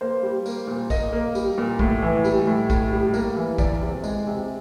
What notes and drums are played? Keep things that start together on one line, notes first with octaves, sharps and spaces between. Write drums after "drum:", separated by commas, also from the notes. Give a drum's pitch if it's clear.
A#3 C5
G3
A#3, drum: tambourine
A#2
A#3 D#5, drum: kick, tambourine
A#3
G3, drum: tambourine
A#2
A2, drum: kick
E3
G3, drum: tambourine
A2
A2, drum: kick, tambourine
G3
A#3, drum: tambourine
E3
E2 D5, drum: kick, tambourine
C3
G#3, drum: tambourine
C3